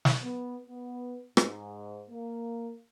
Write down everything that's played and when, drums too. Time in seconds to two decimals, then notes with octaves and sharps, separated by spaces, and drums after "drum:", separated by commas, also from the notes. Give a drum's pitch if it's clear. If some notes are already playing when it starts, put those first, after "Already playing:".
0.05 drum: snare
0.23 B3
0.67 B3
1.37 G#2, drum: rim click
2.09 A#3